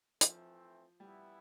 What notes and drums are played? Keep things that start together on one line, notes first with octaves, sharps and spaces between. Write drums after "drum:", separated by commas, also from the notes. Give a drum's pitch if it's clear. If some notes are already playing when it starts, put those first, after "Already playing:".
E3 F3 A3 C4, drum: hi-hat
E3 G3 B3 E4